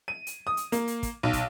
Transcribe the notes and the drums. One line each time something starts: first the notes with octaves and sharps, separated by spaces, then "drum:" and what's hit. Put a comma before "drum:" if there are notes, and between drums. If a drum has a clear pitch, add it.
D#7
drum: hi-hat
D#6
drum: hi-hat
A#3, drum: hi-hat
drum: hi-hat
drum: kick, hi-hat
B1
drum: kick, hi-hat